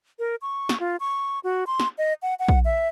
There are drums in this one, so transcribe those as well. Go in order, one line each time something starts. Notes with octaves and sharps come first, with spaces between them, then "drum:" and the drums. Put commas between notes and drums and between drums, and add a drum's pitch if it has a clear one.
A#4
C#6
drum: snare
F4
C#6
F#4
C6
drum: snare
D#5
F#5
F#5
drum: kick
E5